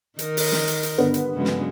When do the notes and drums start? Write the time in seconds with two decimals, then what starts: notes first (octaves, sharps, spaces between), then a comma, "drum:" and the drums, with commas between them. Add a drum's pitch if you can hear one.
0.19 D#3 D#4 A#4, drum: hi-hat
0.37 drum: open hi-hat
0.52 drum: snare
0.68 drum: hi-hat
0.83 drum: hi-hat
0.98 G2 D3 B3
1.14 drum: hi-hat
1.35 C#3 F#3 G#3
1.45 drum: snare